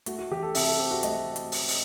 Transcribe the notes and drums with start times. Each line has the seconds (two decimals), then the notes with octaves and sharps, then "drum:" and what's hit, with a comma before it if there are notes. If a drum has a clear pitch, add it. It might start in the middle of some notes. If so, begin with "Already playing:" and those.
0.06 A3 F#4, drum: hi-hat
0.18 F#4
0.31 E3 G4
0.43 A4
0.55 C3 E5, drum: open hi-hat
0.67 A4
0.79 C4 G4
0.91 F#4
1.03 A3 D#5, drum: hi-hat
1.36 drum: hi-hat
1.52 drum: open hi-hat
1.68 drum: open hi-hat